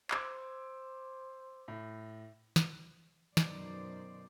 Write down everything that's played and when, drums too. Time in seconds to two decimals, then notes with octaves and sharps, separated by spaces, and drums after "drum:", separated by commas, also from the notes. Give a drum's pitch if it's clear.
0.11 C5 D6 E6 G#6, drum: clap
1.68 A2
2.56 drum: snare
3.37 F#2 B2 D#3 C5 D5, drum: snare